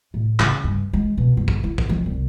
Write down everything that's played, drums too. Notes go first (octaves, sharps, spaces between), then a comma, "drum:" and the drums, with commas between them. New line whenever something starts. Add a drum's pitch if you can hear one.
A2
C#3, drum: clap
G2
G#3
B2
G1
drum: kick
E4
drum: kick
F2
C2